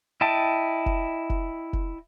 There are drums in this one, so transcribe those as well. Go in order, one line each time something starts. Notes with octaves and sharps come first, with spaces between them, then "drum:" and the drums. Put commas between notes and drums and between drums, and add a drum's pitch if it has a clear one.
E4 D#5 G5 A5
drum: kick F1
drum: kick F1
drum: kick F1